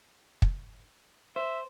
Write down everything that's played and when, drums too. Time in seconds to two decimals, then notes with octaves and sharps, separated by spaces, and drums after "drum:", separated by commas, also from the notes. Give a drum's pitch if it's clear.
0.42 drum: kick
1.36 C5 E5